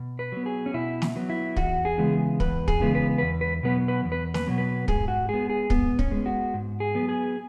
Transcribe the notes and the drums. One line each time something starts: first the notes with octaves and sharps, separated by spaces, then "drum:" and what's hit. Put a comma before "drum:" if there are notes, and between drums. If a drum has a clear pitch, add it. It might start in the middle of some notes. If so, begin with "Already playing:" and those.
Already playing: B2
B4
F#3 B3
G#4
C#4
B2 E4
drum: snare
F#3 B3
E4
E2 F#4, drum: kick
G#4
C#3 E3 G#3 B3
E2 B4, drum: kick
G#4, drum: kick
C#3 E3 G#3 B3
B4
E2 B4
B4
B2 F#3 B3 B4
B4
E2
B4
B4, drum: snare
B2 F#3 B3
B4
G#2 G#4, drum: kick
F#4
G#3 B3 G#4
G#4
G#2 B3, drum: kick
C#4, drum: kick
G#3 B3
F#4
G#2
G#4
F#3 B3
G#4